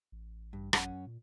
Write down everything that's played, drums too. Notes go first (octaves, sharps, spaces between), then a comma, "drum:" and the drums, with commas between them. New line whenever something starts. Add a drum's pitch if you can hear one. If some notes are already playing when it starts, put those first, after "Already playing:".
A1
G2
F#2 C#4 F#5, drum: rim click
A#2